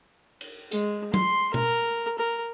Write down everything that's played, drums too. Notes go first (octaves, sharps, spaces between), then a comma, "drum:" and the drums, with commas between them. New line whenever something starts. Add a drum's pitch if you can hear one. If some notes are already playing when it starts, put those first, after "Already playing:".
drum: cymbal
G#3, drum: hi-hat
C6, drum: tom F#3
A#4, drum: tom B2
A#4